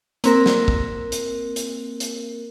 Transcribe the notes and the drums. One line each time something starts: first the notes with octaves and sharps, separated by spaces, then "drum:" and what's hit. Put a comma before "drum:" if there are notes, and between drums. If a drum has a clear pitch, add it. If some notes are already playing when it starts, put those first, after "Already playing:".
A#3 C4 A#4, drum: hi-hat
drum: snare
drum: kick
drum: hi-hat
drum: hi-hat
drum: hi-hat